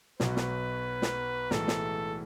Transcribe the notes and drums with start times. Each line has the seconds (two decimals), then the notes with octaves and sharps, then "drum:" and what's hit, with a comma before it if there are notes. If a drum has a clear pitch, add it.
0.20 B1 B2 F#3 B4, drum: snare
0.36 drum: snare
1.02 drum: snare
1.51 B1 A2 E3 G#3 A4, drum: snare
1.68 drum: snare